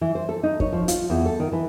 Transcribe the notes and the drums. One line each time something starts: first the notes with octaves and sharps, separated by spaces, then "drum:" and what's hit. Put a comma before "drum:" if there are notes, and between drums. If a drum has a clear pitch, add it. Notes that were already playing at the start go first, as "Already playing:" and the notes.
E3
C5
A4
D#4
C#5, drum: kick
F3
F4, drum: hi-hat
E2
A4
D#3
E3